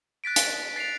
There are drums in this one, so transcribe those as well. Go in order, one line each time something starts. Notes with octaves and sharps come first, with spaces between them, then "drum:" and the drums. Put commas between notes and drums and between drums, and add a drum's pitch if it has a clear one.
F#6 A6 B6 D7
drum: hi-hat
A6 C7 D7 F7